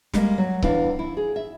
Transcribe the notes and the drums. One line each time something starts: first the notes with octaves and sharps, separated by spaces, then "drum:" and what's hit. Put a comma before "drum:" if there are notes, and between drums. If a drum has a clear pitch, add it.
G3 G#3 A#3, drum: snare
F#3
E2 E3 D4 E4 F5, drum: kick C#1
E4
G#4
E5